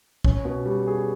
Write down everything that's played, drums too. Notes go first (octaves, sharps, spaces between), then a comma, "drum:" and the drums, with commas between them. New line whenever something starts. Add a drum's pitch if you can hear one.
C#4, drum: kick
B2
G3
G#4